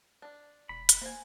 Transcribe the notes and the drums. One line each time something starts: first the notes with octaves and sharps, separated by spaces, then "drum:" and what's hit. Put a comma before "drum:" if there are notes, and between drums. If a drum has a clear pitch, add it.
D4
E1 B5
drum: hi-hat
A#3 C4 G#5